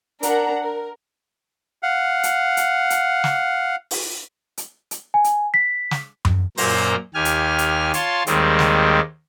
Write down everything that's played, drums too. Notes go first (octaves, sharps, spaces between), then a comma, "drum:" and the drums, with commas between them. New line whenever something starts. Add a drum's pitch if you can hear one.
D4 A#4 F#5 A#5, drum: hi-hat
A#4
F5 F#5
drum: hi-hat
drum: hi-hat
drum: hi-hat
drum: snare
drum: open hi-hat
drum: hi-hat
drum: hi-hat
G#5
drum: hi-hat
B6
drum: snare
drum: tom F#2
F#2 A#2 A#3 C5 A#5, drum: open hi-hat
D#2 G4 G#5 F6
drum: hi-hat
drum: hi-hat
F4 C#5 A5 C6, drum: hi-hat
D#2 D#3 G3 G#3 C4, drum: hi-hat
drum: snare